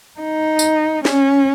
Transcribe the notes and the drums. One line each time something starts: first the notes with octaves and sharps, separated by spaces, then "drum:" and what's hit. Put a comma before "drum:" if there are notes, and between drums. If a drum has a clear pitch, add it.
D#4
drum: tambourine
C#4, drum: snare